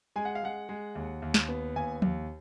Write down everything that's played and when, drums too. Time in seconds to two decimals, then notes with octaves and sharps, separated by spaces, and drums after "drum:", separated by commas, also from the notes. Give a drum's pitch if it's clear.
0.16 G#3 G#5
0.25 F#5
0.35 F5
0.43 G#3 F#5
0.69 G#3
0.95 D#2
1.22 D#2
1.34 drum: snare
1.48 B3
1.76 D#2 G#5
2.02 D#2, drum: tom F3